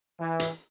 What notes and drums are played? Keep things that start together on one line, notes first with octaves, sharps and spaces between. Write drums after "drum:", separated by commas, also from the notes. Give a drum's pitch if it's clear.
E3
drum: hi-hat